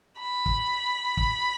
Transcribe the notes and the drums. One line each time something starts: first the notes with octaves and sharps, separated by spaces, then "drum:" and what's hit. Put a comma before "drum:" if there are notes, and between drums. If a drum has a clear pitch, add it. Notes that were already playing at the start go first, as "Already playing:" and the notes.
B5
drum: kick
drum: kick